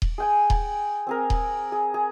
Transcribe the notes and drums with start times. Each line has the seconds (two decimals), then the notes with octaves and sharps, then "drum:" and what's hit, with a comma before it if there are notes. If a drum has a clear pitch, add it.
0.02 drum: kick D#1
0.18 G#4 G5 G#5
0.50 drum: kick D#1
1.07 C4 G#4 A#4
1.30 drum: kick D#1
1.72 G#4
1.94 G#4